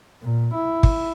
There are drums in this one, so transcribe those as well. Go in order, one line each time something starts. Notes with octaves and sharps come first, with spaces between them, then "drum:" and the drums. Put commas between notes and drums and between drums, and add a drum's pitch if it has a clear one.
A#2
E4
drum: kick